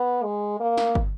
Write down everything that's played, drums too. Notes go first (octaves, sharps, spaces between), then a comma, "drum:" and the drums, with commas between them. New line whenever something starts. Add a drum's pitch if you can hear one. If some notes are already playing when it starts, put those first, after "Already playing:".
Already playing: B3
G#3
A#3
drum: snare
drum: kick